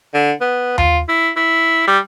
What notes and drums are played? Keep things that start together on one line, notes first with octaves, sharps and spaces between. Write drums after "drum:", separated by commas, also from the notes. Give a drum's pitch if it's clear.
D3
B3
F4, drum: tom D#2
E4
E4
G3